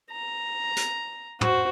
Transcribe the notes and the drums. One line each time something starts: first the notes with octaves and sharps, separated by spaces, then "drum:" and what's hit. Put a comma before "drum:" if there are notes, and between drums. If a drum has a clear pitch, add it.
A#5
drum: hi-hat
F#4 C5, drum: tom